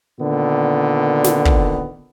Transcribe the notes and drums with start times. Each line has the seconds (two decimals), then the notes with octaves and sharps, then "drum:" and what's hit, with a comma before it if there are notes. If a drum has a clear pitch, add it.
0.20 A#2 D3 D#3 B3
1.24 drum: snare
1.45 drum: kick